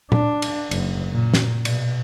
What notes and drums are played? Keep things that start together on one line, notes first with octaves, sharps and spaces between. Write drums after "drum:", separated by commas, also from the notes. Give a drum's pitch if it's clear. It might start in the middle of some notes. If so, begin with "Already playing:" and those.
D4, drum: tom A#2
drum: cymbal
F#1, drum: cymbal
A#2
drum: snare
B2, drum: cymbal